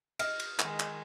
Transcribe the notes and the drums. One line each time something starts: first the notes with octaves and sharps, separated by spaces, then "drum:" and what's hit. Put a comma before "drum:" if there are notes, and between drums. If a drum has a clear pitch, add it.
D#5 F6, drum: cymbal
drum: cymbal
D#3 G#3, drum: clap
drum: clap